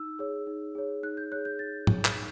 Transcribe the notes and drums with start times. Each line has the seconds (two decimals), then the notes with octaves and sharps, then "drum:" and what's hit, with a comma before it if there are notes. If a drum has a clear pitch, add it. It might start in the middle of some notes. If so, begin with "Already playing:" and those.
Already playing: D#4 E6
0.19 G#4 C#5
0.47 D#4
0.75 G#4 C#5
1.03 D#4 F#6
1.17 G6
1.32 G#4 C#5 F#6
1.45 G6
1.59 D#4 A6
1.87 G#4 C#5, drum: tom
2.05 drum: clap
2.16 D#4